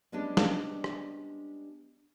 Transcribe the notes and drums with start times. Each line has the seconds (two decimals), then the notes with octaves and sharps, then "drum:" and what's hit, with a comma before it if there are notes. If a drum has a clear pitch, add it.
0.12 G3 G#3 B3 C#4 D4 G4
0.37 drum: snare
0.84 drum: rim click